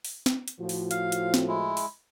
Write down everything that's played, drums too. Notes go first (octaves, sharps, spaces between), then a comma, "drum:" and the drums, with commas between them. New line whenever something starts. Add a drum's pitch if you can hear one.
drum: open hi-hat
drum: snare
drum: hi-hat
A2 F3 F#4
drum: open hi-hat
F5, drum: hi-hat
drum: hi-hat
drum: snare
G#3 E4
drum: open hi-hat